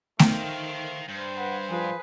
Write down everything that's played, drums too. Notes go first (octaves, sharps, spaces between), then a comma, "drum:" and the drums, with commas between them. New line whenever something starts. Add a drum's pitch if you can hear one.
D#3 A3 A#4 C5 F5 G5, drum: snare A3
G2 C5
B4 F#5
F3 G#4 B4